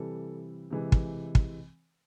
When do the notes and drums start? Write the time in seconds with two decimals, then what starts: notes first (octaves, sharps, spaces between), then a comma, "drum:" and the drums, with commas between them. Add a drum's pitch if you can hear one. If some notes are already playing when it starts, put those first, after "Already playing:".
Already playing: C3 E3 G3 A4
0.70 C3 E3 G#3
0.92 drum: kick
1.35 drum: kick